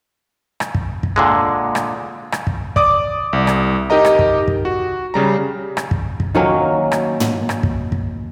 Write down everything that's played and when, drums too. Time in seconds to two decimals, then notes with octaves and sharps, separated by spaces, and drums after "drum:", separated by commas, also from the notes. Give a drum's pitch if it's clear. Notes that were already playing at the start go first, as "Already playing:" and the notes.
0.60 drum: rim click
0.75 drum: kick
1.03 drum: kick
1.16 A#2 D3 G#3
1.75 drum: rim click
2.32 drum: rim click
2.47 drum: kick
2.76 D5 D6 D#6, drum: kick
3.33 C2
3.47 drum: rim click
3.90 D#4 G4 A#4 D#5 A#5
4.05 drum: rim click
4.19 drum: kick
4.48 drum: kick
4.65 F#4
5.14 C#3 G3 A#5
5.77 drum: rim click
5.91 drum: kick
6.20 drum: kick
6.35 D#3 F#3 A#3 C#4
6.92 drum: rim click
7.20 drum: tom
7.49 drum: rim click
7.63 drum: kick
7.92 drum: kick